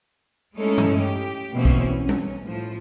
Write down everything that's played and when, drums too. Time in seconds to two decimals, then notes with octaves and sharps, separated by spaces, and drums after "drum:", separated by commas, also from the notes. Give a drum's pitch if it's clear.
0.56 G#3 A3 C#4 D#4 E4 A4
0.78 drum: tom G2
1.00 G4
1.53 B2 E3 A#3 C4 C#4
1.65 drum: kick B1
1.92 C#4
2.09 drum: tom G3
2.45 A2 F3